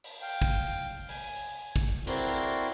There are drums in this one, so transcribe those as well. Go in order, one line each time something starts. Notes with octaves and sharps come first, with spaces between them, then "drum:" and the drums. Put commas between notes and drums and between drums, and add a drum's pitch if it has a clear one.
drum: open hi-hat
F5 G5
drum: kick
G#5, drum: open hi-hat
drum: kick
C4 E4 F#4 A#4 D5 C6, drum: cymbal